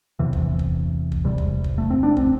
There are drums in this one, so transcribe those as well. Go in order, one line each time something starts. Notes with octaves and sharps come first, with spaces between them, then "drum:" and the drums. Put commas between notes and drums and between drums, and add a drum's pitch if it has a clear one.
E2 C3 E3
drum: kick
drum: kick
drum: kick
E2 C3 G3
drum: kick
drum: kick
A3
C4
D4
C4, drum: kick